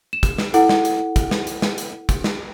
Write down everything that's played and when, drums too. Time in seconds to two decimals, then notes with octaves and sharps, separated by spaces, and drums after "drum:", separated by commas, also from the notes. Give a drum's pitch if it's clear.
0.13 E7
0.23 drum: kick, hi-hat
0.38 drum: snare
0.54 E4 A4 F#5, drum: hi-hat
0.69 drum: snare
0.85 drum: hi-hat
1.16 drum: kick, hi-hat
1.31 drum: snare
1.47 drum: hi-hat
1.62 drum: snare
1.78 drum: hi-hat
2.09 drum: kick, hi-hat
2.24 drum: snare